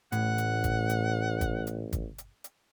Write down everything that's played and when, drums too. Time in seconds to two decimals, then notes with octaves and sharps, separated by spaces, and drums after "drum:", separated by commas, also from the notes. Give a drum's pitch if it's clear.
0.12 A1 A2 F#5, drum: hi-hat
0.38 drum: hi-hat
0.64 drum: kick, hi-hat
0.90 drum: hi-hat
1.41 drum: kick, hi-hat
1.67 drum: hi-hat
1.93 drum: kick, hi-hat
2.18 drum: hi-hat
2.44 drum: hi-hat